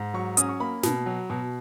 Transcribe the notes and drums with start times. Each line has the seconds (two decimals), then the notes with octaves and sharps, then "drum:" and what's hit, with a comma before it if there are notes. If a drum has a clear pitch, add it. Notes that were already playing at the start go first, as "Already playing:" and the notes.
Already playing: G#2
0.14 F#3 C#6
0.37 C#4 D#6, drum: hi-hat
0.49 C#6
0.60 A#3 B5
0.83 B2, drum: snare
1.06 F#3
1.30 B2